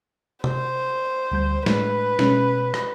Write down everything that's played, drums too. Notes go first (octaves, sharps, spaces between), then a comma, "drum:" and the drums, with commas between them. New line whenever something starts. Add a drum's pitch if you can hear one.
C5, drum: tom C3
D2 G3 G6
A2 G#3 D4 B4, drum: snare
B2 G#3 C#4, drum: snare
drum: rim click